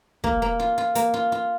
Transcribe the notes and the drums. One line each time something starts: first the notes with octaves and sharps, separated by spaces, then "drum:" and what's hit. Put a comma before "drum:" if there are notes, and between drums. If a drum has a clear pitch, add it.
A#3, drum: kick
A#3
F4
F4
A#3, drum: hi-hat
F4
F4